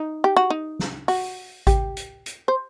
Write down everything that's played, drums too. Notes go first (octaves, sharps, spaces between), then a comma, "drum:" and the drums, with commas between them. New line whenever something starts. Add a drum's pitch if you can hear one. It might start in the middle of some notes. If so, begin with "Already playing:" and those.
Already playing: D#4
G4
F#4
D#4
drum: snare
F#4, drum: open hi-hat
G4, drum: kick A1, hi-hat
drum: hi-hat
drum: hi-hat
C5